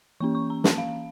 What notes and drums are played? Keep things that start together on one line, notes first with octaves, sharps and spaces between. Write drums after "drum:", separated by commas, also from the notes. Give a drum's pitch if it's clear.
E3 A#3 C#4 C#6
C#6
A#5
A5, drum: snare
F5